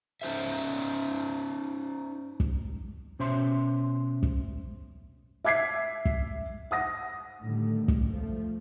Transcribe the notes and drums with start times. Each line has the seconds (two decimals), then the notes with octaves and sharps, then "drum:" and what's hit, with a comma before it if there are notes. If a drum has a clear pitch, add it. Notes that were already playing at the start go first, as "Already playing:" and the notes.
0.22 C#4 D#4 C5 E5
2.40 drum: kick
3.19 B2 C#4 C5 C#5 E5 C6
4.23 drum: kick
5.44 E5 D6 G#6 B6 C7
6.05 drum: kick
6.71 F#5 D#6 A#6
7.40 A2 D3 D#3 G3 A3
7.88 drum: kick
8.12 F3 A3